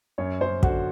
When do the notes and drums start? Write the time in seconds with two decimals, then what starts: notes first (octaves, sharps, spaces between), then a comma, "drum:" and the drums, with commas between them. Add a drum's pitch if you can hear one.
0.18 F#2 C#5
0.41 F#2 C5
0.63 D3 F#4, drum: kick